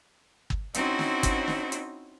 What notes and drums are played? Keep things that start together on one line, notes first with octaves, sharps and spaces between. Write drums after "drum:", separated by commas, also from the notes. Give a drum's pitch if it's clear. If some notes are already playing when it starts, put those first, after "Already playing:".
drum: kick
C4 C#4 D#4 E4 F#4 C5, drum: hi-hat
drum: snare
drum: kick, hi-hat
drum: snare
drum: hi-hat